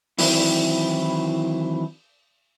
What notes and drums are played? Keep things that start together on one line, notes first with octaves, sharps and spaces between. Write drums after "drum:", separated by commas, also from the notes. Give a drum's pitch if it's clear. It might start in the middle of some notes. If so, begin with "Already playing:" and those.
D#3 E3 F#3 C4 E4, drum: open hi-hat